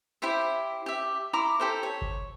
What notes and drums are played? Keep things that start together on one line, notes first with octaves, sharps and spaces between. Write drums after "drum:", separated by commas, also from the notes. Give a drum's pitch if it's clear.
E4 G4 C5 E5
G4 E5
E4 A#5 C6 D6
G4 A4 C5
C#5
drum: kick G1